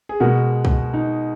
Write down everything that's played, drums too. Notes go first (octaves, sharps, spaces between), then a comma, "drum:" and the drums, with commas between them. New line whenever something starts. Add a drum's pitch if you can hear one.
G#4
B2 G#3 F#4 A#4
drum: kick
D#4